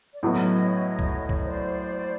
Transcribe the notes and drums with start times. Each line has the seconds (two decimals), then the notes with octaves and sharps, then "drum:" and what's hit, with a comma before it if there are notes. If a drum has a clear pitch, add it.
0.14 D5
0.23 A2 F#3 B3 C#5 D#5
0.99 drum: kick C2
1.29 drum: kick C2
1.44 C5 D5